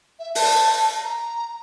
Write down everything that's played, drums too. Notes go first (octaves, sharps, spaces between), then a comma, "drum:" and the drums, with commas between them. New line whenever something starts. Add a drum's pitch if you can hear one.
E5
A5, drum: open hi-hat
A#5